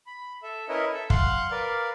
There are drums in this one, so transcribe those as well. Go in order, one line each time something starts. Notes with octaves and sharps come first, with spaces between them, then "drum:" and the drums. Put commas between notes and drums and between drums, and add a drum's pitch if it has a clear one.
B5
A4 E5
C#4 E4 A#4 B4 C#5 D#5
A4 E5
F5 F#5 C6, drum: kick
A#4 B4 D5 F5